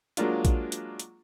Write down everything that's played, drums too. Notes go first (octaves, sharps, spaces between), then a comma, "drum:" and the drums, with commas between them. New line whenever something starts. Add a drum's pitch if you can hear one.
F#3 G#3 A#3 D4 F4, drum: hi-hat
drum: kick, hi-hat
drum: hi-hat
drum: hi-hat